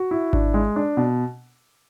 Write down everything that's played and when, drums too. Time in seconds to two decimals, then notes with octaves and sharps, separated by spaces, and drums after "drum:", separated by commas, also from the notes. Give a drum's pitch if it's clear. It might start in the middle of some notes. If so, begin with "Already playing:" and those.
Already playing: F#4
0.11 E4
0.33 D4, drum: kick G#1
0.54 G#3
0.76 D4
0.97 B2